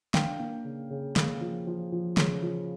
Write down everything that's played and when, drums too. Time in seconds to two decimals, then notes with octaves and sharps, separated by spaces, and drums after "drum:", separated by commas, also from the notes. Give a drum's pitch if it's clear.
0.14 D4 F5 G5, drum: snare
0.40 A#3
0.64 C#3
0.90 C#3
1.16 A#3, drum: snare
1.41 F3
1.67 F3
1.92 F3
2.17 C#3, drum: snare
2.43 F3